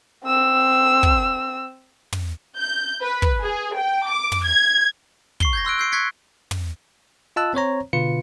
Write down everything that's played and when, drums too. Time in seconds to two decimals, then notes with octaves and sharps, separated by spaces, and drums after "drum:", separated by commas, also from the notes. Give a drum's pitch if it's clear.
0.25 C4 E6
1.03 drum: kick
2.13 drum: tom
2.57 G6
3.03 B4
3.22 drum: kick
3.40 G#4
3.75 G5
4.07 D6
4.32 drum: tom
4.45 G#6
5.40 C#6 C7 G7, drum: kick
5.53 G6 G#6 A#6
5.65 C6 E6 F#6 D7
5.78 E6 G6 C7 D7
5.92 C#6 F#6 G#6 B6 C#7
6.51 drum: tom
7.36 F4 D#5 A5 E6 F#6
7.54 C4 C5 C#5 A#5
7.93 B2 D3 F4 B4 C#7